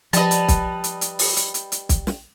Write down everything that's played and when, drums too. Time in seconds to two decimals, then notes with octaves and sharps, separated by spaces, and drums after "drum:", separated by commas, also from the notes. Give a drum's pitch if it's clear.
0.13 F3 G3 B4 D#5 A5, drum: hi-hat
0.31 drum: hi-hat
0.48 drum: kick B1, hi-hat
0.84 drum: hi-hat
1.01 drum: hi-hat
1.19 drum: open hi-hat
1.36 drum: hi-hat
1.54 drum: hi-hat
1.72 drum: hi-hat
1.89 drum: kick B1, hi-hat
2.07 drum: snare